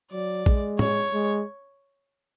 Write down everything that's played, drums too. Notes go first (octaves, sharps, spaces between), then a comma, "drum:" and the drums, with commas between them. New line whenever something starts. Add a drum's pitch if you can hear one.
F#3 D5
G#3, drum: kick A#1
C#5, drum: tom
G#3